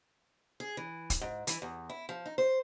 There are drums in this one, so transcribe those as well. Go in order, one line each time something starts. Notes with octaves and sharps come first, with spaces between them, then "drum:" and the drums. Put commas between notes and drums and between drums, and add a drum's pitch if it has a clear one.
G#4
E3
drum: kick, hi-hat
G#2
E3, drum: hi-hat
E2
E4
F3
D#4
C5